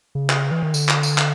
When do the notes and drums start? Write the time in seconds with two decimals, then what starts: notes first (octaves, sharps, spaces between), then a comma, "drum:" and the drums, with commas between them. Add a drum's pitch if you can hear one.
0.15 C#3
0.29 drum: clap
0.51 E3
0.63 D#3
0.74 D3, drum: tambourine
0.88 drum: clap
1.03 drum: tambourine
1.18 drum: clap